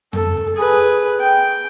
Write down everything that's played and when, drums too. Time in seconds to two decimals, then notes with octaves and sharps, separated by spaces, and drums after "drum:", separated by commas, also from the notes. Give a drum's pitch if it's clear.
0.13 A4, drum: tom F2
0.56 G#4 B4
1.20 G5